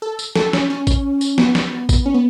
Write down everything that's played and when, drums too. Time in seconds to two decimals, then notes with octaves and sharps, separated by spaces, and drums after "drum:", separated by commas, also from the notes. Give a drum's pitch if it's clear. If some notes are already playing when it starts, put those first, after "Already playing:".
0.02 A4
0.19 drum: tambourine
0.36 A4, drum: snare
0.53 C#4, drum: snare
0.70 C#4
0.87 drum: kick G#1, tambourine
1.21 drum: tambourine
1.38 B3, drum: snare
1.55 drum: snare
1.89 drum: kick G#1, tambourine
2.06 C#4
2.14 B3